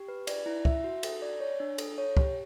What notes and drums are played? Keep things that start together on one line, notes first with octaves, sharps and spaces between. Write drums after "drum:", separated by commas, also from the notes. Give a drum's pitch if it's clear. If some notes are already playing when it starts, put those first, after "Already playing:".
Already playing: G4
B4
D5, drum: cymbal
E4
E5, drum: kick
F#4
A4, drum: cymbal
D5
C#5
D4
A4, drum: cymbal
C#5
G4, drum: kick